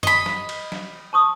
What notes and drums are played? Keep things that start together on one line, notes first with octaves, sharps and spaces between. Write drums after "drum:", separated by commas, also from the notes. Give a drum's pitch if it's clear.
D#5 B5, drum: tom F#2
drum: snare
drum: cymbal
drum: snare
A5 C#6 D#6